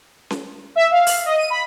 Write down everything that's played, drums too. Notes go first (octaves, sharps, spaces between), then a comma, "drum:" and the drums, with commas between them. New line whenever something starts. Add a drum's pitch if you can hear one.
drum: snare C#4
E5
F5
drum: open hi-hat
D#5
D#7
B5